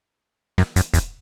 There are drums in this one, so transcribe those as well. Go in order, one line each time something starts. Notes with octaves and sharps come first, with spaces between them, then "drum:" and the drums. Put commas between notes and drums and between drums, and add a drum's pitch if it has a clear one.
F#2, drum: snare
F#2, drum: hi-hat
E2, drum: kick D#1, hi-hat